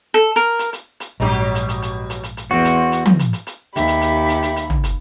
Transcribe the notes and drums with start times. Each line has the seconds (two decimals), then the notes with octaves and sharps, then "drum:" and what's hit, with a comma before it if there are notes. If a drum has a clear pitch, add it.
0.14 A4
0.36 A#4
0.59 drum: hi-hat
0.73 drum: hi-hat
1.00 drum: hi-hat
1.20 A#1 G#2 B2 F#3 G4
1.55 drum: hi-hat
1.69 drum: hi-hat
1.82 drum: hi-hat
2.10 drum: hi-hat
2.23 drum: hi-hat
2.37 drum: hi-hat
2.51 E2 C4 F#4
2.64 drum: hi-hat
2.92 drum: hi-hat
3.06 drum: tom
3.19 drum: hi-hat
3.33 drum: hi-hat
3.47 drum: hi-hat
3.76 D#2 G4 E5 B5, drum: hi-hat
3.88 drum: hi-hat
4.01 drum: hi-hat
4.29 drum: hi-hat
4.42 drum: hi-hat
4.56 drum: hi-hat
4.70 drum: tom
4.84 drum: hi-hat